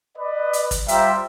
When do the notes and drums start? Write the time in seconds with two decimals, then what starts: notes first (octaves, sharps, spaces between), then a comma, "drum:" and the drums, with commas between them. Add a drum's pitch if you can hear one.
0.18 B4 D5 D#5
0.53 drum: hi-hat
0.71 drum: kick, hi-hat
0.88 G3 F4 C5 E5 G5 A#5, drum: hi-hat